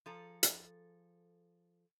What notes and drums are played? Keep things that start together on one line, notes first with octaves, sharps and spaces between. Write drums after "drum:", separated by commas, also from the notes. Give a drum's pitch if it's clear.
F3 G#4 A4 A#5
drum: hi-hat